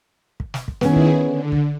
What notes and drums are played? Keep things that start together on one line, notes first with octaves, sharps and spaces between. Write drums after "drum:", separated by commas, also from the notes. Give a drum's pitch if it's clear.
drum: kick
drum: snare
drum: kick
D#3 B3 C#4 E4 G#4, drum: snare
drum: kick
D3
drum: kick